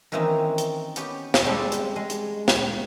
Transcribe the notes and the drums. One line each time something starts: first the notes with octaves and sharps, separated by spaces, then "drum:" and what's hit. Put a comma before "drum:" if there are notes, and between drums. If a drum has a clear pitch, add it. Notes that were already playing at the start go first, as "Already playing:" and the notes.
D#3 E3 A#3 C4 C#4 D#4
drum: hi-hat
B3 C#4 G4, drum: hi-hat
drum: snare
G3 G#3 C4 C#4 G4 A4
drum: hi-hat
G#3
drum: hi-hat
drum: snare